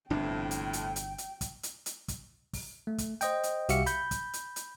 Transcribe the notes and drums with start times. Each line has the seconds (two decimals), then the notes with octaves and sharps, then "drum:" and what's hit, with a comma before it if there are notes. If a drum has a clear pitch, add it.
0.10 G1 F2 A2 C3 D4 G5
0.51 drum: hi-hat
0.73 drum: hi-hat
0.96 drum: hi-hat
1.18 drum: hi-hat
1.41 drum: kick, hi-hat
1.63 drum: hi-hat
1.86 drum: hi-hat
2.08 drum: kick, hi-hat
2.53 drum: kick, open hi-hat
2.87 A3
2.98 drum: kick, hi-hat
3.21 C5 D#5 G5, drum: hi-hat
3.43 drum: hi-hat
3.69 C2 F#4 G4 E5 F5 C#7, drum: hi-hat
3.86 B5 G6, drum: hi-hat
4.11 drum: kick, hi-hat
4.33 drum: hi-hat
4.56 drum: hi-hat